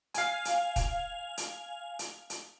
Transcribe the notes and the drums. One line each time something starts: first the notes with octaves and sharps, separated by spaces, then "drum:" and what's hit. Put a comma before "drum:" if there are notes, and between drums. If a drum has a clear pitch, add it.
F5 G#5, drum: hi-hat
drum: hi-hat
drum: kick, hi-hat
drum: hi-hat
drum: hi-hat
drum: hi-hat